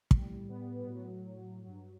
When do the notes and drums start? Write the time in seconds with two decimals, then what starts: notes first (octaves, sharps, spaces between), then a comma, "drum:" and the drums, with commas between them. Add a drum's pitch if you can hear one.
0.11 A2 G3, drum: kick
0.49 B3
0.87 A2 F#3
1.64 G2 F#3